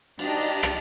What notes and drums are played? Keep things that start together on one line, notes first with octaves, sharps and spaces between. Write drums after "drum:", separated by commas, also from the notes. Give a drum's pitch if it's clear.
D4 D#4 G4 D5 D#5, drum: cymbal
drum: cymbal
drum: rim click